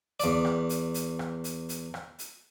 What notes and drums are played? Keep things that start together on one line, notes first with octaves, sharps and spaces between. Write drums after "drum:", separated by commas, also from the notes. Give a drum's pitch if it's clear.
E2 D5, drum: hi-hat
drum: rim click
drum: hi-hat
drum: hi-hat
drum: rim click
drum: hi-hat
drum: hi-hat
drum: rim click
drum: hi-hat